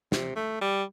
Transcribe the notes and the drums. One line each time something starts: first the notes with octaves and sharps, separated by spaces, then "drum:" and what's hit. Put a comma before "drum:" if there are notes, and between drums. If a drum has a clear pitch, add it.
C3, drum: snare
A3
G3